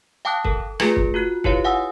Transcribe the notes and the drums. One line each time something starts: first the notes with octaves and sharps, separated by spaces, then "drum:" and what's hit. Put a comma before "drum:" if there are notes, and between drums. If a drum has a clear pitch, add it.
F5 G5 A5 D6 D#6 F#6
A4 A#4, drum: kick C#1
A3 F4 G#4 B4 A#6 C#7, drum: rim click
drum: kick C#1
F4 F#4 F#6
E4 F4 G4 B4 C#5 F5, drum: kick C#1
F5 F#5 G#5 D#6 E6